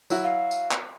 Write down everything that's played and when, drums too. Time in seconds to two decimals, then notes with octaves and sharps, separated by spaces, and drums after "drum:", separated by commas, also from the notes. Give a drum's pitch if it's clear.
0.10 F#3 E4 F#4, drum: tambourine
0.24 F5
0.51 drum: tambourine
0.71 drum: clap